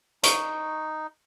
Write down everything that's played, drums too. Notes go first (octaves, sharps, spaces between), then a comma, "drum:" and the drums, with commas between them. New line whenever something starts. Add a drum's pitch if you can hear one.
D#4 C#6, drum: hi-hat